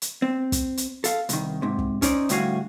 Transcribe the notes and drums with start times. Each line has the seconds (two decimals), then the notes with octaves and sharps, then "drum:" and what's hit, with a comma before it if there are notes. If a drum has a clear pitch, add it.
0.02 drum: hi-hat
0.22 C4
0.52 drum: kick, hi-hat
0.77 drum: hi-hat
1.04 A4 F5, drum: hi-hat
1.29 C2 D#3, drum: hi-hat
1.62 G#2 C3
1.78 drum: kick
2.02 C#4 D#4 C5 D5, drum: kick, hi-hat
2.29 D2 A2 G3 F#4 F5 G#5, drum: hi-hat